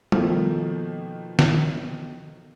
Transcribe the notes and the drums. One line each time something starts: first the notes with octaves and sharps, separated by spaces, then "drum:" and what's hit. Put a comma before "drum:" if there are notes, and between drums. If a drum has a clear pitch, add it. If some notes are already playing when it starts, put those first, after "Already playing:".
B2 D#3 F3 A3 A#3, drum: tom
drum: snare